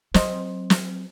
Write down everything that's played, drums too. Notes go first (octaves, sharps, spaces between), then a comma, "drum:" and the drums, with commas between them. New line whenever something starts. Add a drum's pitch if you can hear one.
F#3 C4 C5 D#5, drum: snare
drum: snare